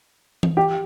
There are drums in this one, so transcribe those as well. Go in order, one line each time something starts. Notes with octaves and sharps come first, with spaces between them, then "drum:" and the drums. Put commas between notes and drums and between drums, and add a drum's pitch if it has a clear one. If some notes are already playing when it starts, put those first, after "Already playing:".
drum: tom E3
G4